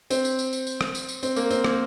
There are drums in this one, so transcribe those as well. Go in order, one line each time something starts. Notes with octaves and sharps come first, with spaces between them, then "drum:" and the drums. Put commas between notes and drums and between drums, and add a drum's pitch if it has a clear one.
C4, drum: tambourine
drum: tambourine
drum: tambourine
drum: tambourine
drum: tambourine
drum: rim click
drum: tambourine
drum: tambourine
C4, drum: tambourine
A#3, drum: tambourine
C4, drum: tambourine
A#3, drum: rim click